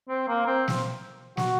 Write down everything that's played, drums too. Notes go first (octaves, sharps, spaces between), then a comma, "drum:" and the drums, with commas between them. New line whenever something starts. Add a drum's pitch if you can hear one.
C4
A#3
C4
drum: snare
F#4, drum: snare